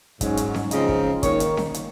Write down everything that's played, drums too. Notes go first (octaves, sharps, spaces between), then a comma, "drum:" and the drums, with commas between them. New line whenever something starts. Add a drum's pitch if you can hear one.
G#2 F#3 C#4, drum: kick, hi-hat
drum: hi-hat
drum: snare C#4
C#3 F3 G#3 C4 D#4 D#5, drum: hi-hat
drum: kick
D#3 A#3 D#4 C#5, drum: kick, hi-hat
drum: hi-hat
drum: snare C#4
drum: hi-hat